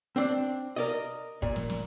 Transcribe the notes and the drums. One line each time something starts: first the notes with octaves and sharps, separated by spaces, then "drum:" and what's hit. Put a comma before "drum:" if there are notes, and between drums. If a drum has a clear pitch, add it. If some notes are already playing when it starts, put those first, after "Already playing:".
C4 D4
A#4 D5 D#5
A#2, drum: kick
drum: snare
drum: snare